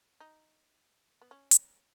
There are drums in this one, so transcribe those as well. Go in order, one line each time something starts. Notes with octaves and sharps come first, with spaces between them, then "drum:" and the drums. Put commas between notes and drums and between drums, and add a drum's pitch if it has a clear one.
D#4
B3
C#4
drum: hi-hat